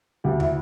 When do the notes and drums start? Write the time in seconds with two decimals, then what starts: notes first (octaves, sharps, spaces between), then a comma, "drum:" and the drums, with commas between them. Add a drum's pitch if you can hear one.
0.24 D2 G4
0.40 E4, drum: tom